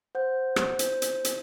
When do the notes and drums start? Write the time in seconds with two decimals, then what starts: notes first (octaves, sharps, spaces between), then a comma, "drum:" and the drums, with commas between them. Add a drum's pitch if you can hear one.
0.15 C5 F#5 G6
0.56 drum: rim click
0.79 C5 G6, drum: hi-hat
1.02 drum: hi-hat
1.25 drum: hi-hat